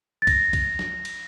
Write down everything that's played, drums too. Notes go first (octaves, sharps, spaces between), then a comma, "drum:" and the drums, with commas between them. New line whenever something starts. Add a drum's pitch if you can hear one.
A6
A#6, drum: kick C2, cymbal
drum: kick C2, cymbal
drum: snare
drum: cymbal